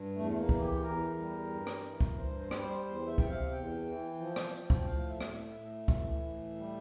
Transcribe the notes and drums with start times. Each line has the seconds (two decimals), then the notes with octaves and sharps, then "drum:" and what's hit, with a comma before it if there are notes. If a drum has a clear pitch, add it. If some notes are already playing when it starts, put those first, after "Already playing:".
Already playing: G2
0.15 E2 A3
0.31 A3
0.38 A#3
0.49 E3, drum: kick
0.60 G4
0.82 E2 A#4
1.17 G3
1.50 G2
1.67 drum: rim click
1.84 E3
2.00 drum: kick
2.17 G2 C5
2.40 C5
2.51 G3, drum: rim click
2.62 C5
2.85 E2 C5
3.07 E5
3.18 C3 G5, drum: kick
3.29 F5
3.52 E2 G5
3.85 E3
4.19 F3
4.36 drum: rim click
4.53 F3
4.70 drum: kick
4.81 G5
4.87 A2 F5
5.09 E5
5.21 A2, drum: rim click
5.32 E5
5.54 A2 E5
5.88 E3, drum: kick
6.22 A2
6.56 G3